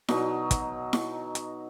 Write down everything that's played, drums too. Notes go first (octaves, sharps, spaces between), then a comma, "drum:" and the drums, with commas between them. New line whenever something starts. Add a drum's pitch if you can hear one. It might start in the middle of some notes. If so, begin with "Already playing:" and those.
B2 F#3 D#4, drum: snare E4
drum: kick, hi-hat
drum: snare E4
drum: hi-hat